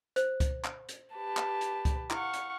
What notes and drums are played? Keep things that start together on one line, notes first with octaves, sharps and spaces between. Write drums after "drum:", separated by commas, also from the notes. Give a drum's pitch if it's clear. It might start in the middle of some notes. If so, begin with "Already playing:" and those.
C5, drum: hi-hat
drum: kick C#2, hi-hat
drum: clap
drum: hi-hat
G4 B4 A5
drum: clap
drum: hi-hat
drum: kick C#2, hi-hat
E4 F5 F#5 C#6, drum: clap
drum: hi-hat